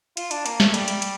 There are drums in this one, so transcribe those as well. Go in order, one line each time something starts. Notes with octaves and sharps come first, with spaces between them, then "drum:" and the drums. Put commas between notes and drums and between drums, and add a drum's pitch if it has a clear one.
F4, drum: hi-hat
D4, drum: hi-hat
A#3, drum: hi-hat
A3, drum: snare
G3, drum: hi-hat
drum: hi-hat
drum: hi-hat